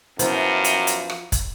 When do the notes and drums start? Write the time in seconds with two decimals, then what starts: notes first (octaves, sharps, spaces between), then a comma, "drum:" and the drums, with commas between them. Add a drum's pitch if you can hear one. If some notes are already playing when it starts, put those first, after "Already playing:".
0.19 F#2 F3 B3 E4, drum: hi-hat
0.64 drum: hi-hat
0.87 drum: hi-hat
1.10 drum: rim click
1.32 drum: kick, hi-hat